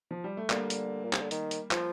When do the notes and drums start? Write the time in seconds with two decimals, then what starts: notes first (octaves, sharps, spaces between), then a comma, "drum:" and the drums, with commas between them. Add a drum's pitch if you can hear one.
0.11 F3
0.24 G3
0.37 A3
0.50 D3 G3 A#3, drum: clap
0.70 drum: hi-hat
1.05 A#2
1.13 C3, drum: clap
1.22 D3
1.31 D#3, drum: hi-hat
1.51 drum: hi-hat
1.71 F3, drum: clap